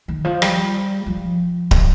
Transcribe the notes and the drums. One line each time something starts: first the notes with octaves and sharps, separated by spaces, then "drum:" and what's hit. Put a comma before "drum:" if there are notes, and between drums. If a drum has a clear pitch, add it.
D#3
F3
G3, drum: rim click
F3
drum: kick D1